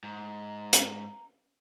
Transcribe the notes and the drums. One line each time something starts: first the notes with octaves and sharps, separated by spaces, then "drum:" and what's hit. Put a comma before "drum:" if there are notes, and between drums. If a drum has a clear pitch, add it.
G#2 A#5
drum: hi-hat